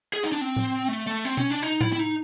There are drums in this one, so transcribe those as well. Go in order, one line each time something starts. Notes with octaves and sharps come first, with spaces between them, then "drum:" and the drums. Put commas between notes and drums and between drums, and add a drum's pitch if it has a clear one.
G#4
D#4
D4
C4
drum: tom A2
A3
A3
C4
C#4, drum: tom B2
D4
D#4
E4, drum: tom A2
E4
D#4